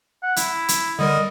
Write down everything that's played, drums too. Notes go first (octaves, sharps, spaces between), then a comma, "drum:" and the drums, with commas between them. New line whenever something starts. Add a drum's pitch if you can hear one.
F#5
E4, drum: hi-hat
drum: hi-hat
D3 G3 A#4 D#5